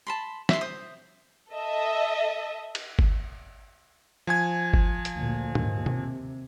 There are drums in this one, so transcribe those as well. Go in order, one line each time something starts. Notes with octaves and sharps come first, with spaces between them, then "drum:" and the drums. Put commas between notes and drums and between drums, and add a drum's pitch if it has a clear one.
A5 B5 C6
E5 C6, drum: snare
C5 D#6
A4 D#5 E5
drum: cymbal
drum: kick G1
F3 G#5 G#6
drum: kick G1
drum: hi-hat
D2 A#2
D#2 G#2, drum: tom A#2
C3, drum: tom B2